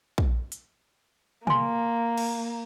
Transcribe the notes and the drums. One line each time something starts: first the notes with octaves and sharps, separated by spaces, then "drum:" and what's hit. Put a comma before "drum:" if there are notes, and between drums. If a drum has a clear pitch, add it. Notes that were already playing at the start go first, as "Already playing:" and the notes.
drum: kick
drum: hi-hat
A#3 G#5 C6, drum: tom
drum: cymbal